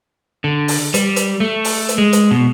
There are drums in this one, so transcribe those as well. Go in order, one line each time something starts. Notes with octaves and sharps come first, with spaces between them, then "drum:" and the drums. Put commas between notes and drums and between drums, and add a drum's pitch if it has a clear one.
D3
drum: open hi-hat
G3, drum: hi-hat
drum: hi-hat
A3
drum: open hi-hat
drum: hi-hat
G#3
drum: hi-hat
B2